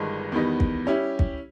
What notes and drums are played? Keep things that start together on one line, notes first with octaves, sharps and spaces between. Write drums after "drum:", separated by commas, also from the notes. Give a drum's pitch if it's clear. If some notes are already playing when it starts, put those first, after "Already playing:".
Already playing: G1 G2 D#3 G#3 D#4
E2 D#3 G3 B3 D#4
drum: kick
G3 C#4 E4 G4
drum: kick